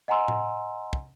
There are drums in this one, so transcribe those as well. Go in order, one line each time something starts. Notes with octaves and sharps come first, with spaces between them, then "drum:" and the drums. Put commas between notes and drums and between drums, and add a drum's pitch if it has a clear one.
D#5 F#5 G#5 A#5 C6 E6
drum: tom A2
drum: kick